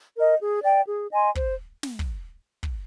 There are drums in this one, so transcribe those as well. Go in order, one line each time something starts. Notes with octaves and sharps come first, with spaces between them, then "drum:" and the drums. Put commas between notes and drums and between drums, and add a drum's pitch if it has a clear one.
A#4 D#5
G#4
D5 G5
G#4
D#5 G#5 C6
C5, drum: kick
drum: snare
drum: kick
drum: kick